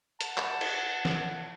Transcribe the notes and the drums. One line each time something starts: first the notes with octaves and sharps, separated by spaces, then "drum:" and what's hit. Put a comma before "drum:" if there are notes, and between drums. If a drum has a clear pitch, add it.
F#5 A5, drum: hi-hat
drum: clap
drum: cymbal
drum: snare